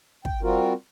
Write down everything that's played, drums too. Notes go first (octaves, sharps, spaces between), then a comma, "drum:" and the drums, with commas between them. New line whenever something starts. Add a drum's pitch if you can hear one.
G5, drum: kick
G3 C4 F4 F#4 A#4